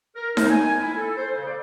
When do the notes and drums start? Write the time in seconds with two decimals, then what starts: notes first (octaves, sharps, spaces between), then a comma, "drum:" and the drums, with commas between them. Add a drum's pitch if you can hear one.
0.16 A#4
0.37 D#4, drum: snare D#4
0.50 G#5
0.80 E4
0.96 A4
1.17 C5
1.33 C#3
1.47 D5